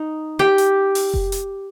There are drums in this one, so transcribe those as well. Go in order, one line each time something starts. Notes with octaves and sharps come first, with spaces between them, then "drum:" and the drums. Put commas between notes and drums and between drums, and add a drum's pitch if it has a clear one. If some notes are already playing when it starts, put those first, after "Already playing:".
Already playing: D#4
G4 G5
drum: hi-hat
drum: open hi-hat
drum: kick F1
drum: hi-hat